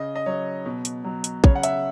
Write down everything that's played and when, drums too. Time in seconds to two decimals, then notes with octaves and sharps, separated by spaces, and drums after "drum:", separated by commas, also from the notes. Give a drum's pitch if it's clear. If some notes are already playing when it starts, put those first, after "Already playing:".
Already playing: C#3 D#5
0.15 D#5
0.26 F#3 C#5
0.66 B2
0.85 drum: hi-hat
1.04 F#3
1.24 drum: hi-hat
1.44 C#3 C#5, drum: kick
1.55 F#5
1.63 E5, drum: hi-hat